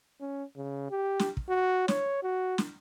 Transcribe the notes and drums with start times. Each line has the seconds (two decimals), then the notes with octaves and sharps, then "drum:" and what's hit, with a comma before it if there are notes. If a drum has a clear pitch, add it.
0.21 C#4
0.57 C#3
0.91 G4
1.19 drum: snare
1.37 drum: kick
1.49 F#4
1.88 C#5, drum: snare
2.23 F#4
2.58 drum: snare